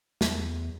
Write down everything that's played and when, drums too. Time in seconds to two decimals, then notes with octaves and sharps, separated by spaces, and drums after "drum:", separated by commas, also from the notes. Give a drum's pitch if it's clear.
0.21 E2, drum: snare